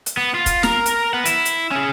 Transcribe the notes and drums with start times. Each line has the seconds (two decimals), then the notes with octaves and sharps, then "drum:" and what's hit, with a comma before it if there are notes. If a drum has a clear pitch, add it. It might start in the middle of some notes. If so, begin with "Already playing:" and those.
0.06 drum: hi-hat
0.17 B3
0.35 F4
0.46 drum: kick, hi-hat
0.63 A#4 A#5, drum: snare
0.86 drum: hi-hat
1.13 B4 F#5
1.26 E4, drum: hi-hat
1.45 drum: hi-hat
1.71 C#4 G#4